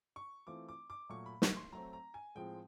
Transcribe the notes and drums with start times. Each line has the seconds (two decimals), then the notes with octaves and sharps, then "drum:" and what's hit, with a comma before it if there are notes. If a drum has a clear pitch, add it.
0.16 C#6
0.47 E3 A3 C4 F4 D6
0.69 D6
0.90 D6
1.10 A#2 F#3 A3 C#6
1.26 B5
1.42 C#6, drum: snare
1.56 C6
1.72 F#3 A3 C4 A#5
1.93 A#5
2.14 G#5
2.35 A2 F3 G#3 C4 G5